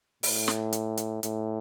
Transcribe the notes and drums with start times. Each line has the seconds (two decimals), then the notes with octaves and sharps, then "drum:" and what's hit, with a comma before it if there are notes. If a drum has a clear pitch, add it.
0.23 A2, drum: open hi-hat
0.48 drum: snare
0.73 drum: hi-hat
0.97 drum: hi-hat
1.23 A2, drum: hi-hat